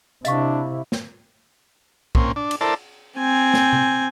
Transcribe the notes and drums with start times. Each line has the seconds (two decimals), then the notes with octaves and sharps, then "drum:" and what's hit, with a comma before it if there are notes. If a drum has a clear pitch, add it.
0.25 C3 D4 E4 D#5 F5 C#6, drum: hi-hat
0.92 drum: snare
2.15 A#2 C4 C#4, drum: kick
2.36 D4
2.51 drum: cymbal
2.61 E4 A4 A#4 C5 D5 A5
3.18 C4 G#5
3.54 drum: snare
3.73 drum: tom C3